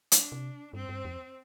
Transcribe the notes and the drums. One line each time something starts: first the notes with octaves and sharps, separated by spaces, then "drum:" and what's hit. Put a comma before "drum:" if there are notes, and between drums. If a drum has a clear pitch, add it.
D4, drum: hi-hat
C3
G2 C4
G2
F2